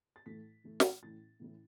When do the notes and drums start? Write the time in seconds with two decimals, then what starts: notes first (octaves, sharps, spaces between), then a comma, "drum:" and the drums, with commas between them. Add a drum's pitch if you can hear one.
0.16 A6
0.26 A2 E3 A3 E4 B6
0.64 A2 E3 A3 E4
0.80 drum: snare
1.03 A2 E3 C#4 E4 A6
1.40 A2 E3 C#4 E4